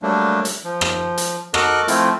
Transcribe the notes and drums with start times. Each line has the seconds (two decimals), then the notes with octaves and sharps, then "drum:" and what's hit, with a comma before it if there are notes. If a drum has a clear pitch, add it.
0.03 F#3 G3 A3 A#3 D4
0.45 drum: hi-hat
0.64 F3
0.81 drum: rim click
1.18 drum: hi-hat
1.54 F#4 A4 A#4 D#5 D6 F#6, drum: rim click
1.88 F3 A3 C4 E4 F4, drum: hi-hat